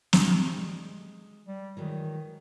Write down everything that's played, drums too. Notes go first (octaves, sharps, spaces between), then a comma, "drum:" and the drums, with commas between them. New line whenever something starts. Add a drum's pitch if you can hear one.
G3 C4 F#4, drum: snare
G#3
G3
D#3 E3 F#3 G#3